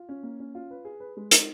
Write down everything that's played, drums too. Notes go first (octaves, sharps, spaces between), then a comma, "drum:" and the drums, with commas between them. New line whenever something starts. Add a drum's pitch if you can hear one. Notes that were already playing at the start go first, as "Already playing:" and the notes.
Already playing: F4
C#4
A#3
C#4
F4
B4
G#4
B4
G#3
D#4, drum: hi-hat